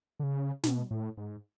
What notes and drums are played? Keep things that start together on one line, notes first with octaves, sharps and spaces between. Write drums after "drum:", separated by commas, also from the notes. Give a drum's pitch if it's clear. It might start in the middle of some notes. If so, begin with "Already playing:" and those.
D3
C#3
B2, drum: snare
A2
G#2